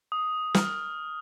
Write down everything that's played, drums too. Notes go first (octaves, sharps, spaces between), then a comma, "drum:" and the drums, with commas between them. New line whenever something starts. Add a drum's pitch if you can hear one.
D#6
F6, drum: snare